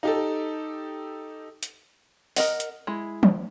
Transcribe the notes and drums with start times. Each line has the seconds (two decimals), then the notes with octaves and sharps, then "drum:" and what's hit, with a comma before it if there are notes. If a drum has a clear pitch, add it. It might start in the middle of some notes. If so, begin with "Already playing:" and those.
0.03 D#4 G4 A4
1.63 drum: hi-hat
2.36 A#4 D#5 F#5, drum: open hi-hat
2.60 drum: hi-hat
2.87 G#3 E4
3.23 drum: tom E3